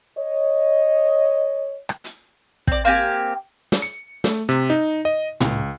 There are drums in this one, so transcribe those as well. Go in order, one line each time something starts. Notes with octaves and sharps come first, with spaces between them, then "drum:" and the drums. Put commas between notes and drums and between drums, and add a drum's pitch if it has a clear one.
C#5 D#5
drum: rim click
drum: hi-hat
C4 D5, drum: kick
A#3 C4 G4 G#5
drum: snare
C#7
A3, drum: snare
C3, drum: hi-hat
D#4
D#5
C#2, drum: tom A2